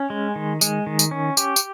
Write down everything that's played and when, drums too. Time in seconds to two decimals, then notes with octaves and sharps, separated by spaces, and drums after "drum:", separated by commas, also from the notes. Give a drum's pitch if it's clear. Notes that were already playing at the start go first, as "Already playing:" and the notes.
Already playing: C#4
0.10 G#3
0.36 D#3
0.61 G#3, drum: tambourine
0.87 D#3
0.99 drum: tambourine
1.11 C#4
1.37 G4, drum: tambourine
1.56 drum: tambourine